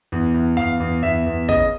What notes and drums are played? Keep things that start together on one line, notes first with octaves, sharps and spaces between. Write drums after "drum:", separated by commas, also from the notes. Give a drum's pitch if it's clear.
E2
E2
E2 F5, drum: hi-hat
E2
E2 E5
E2
C#3 D#5, drum: kick, hi-hat